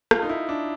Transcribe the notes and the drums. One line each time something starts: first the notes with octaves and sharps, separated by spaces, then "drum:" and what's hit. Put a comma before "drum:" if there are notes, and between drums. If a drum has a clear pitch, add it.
F4, drum: rim click
D#4
E4
D4